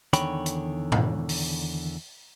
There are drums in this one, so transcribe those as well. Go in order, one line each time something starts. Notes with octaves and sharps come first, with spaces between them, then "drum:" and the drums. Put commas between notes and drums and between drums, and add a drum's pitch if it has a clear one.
E2 D3 D#3 C#5 G5 B5, drum: hi-hat
drum: hi-hat
drum: tom G#2
drum: open hi-hat